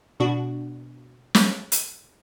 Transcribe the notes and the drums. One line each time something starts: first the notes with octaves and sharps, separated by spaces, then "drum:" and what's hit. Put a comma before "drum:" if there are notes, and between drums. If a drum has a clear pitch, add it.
B2 D4 F#4
drum: snare
drum: hi-hat